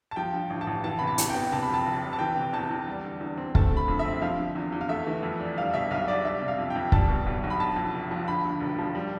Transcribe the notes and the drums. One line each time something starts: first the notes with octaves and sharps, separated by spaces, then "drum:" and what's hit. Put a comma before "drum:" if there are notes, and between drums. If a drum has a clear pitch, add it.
A5
F3 G5
G2
A1
A5
A1
E3 A5
C3 B5
A5
E2, drum: hi-hat
G5
B3
C3 A5
B5
F2 A5
F1
F1
A5
E3 G5
C3
E2 A5
E2
G3
D3
E2
C4
A3 A5, drum: kick
D3 B5
F2
E5
C4
F3 F5
D3
E2
E2
F5
A3 E5
E3
F2
D4
G3 F5
B2 E5
B1 F5
D4 D5
G3 E5
C3
F5
F2
F2 G5
G3 A5, drum: kick
B2
B1
B1
B5
D3 A5
F2
F1
F3
D3 B5
D2
E1
F3
G3